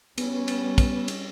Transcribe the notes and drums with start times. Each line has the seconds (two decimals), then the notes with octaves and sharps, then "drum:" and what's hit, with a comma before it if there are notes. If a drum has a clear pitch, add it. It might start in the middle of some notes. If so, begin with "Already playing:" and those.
0.18 G3 B3 C#4, drum: cymbal
0.48 drum: cymbal
0.78 drum: kick, cymbal
1.08 drum: cymbal